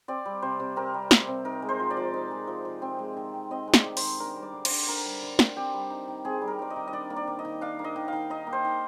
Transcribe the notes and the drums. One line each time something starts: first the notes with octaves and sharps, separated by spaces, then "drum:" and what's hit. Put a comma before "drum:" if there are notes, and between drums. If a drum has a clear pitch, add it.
C4 D5
G3
C3 C5
C3
C4 A#4
G3
C3, drum: snare
C3
D#4 A#4
G#3
C5
F3
D5
F3
D#4
G#3
F3
F3
C4
G#3
D#3
D#3
C4 D#5
G#3
D5, drum: snare
D#3
C5, drum: open hi-hat
D#3
D4 A#4
G3
D5
D3
C5, drum: cymbal
D3
D4 A#4
G3
D3
D3, drum: snare
C4 G4
G3
D#4
D#3
C4 G#4
G3
A#4
D#4 D5
D#5
D#3
D#5
D4 D5
A#3
D5
D#3
D#5
D#3
D4 F5
A#3
D#5
D#3
D#3 F5
D#4 D#5
A#3
C5
D#3